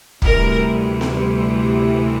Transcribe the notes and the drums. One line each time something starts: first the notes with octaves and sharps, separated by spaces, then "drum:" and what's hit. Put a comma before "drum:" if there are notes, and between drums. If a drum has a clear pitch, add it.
D2 C3 E3 G3 A#4, drum: kick
drum: snare B3